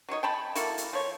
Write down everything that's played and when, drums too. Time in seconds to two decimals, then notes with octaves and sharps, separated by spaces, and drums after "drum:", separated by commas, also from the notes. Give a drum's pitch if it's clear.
0.09 F#3 D#4 C#5 D#5
0.23 G5 A5 B5
0.55 A#3 E4 F#4 A4, drum: hi-hat
0.78 drum: hi-hat
0.93 F3 C#5